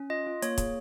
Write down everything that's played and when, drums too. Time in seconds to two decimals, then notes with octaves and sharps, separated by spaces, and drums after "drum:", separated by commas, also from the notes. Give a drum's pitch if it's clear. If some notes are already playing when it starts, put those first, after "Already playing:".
Already playing: C#4
0.10 F4 D#5
0.27 F4
0.42 A#3 C#5, drum: hi-hat
0.58 G#4, drum: kick, hi-hat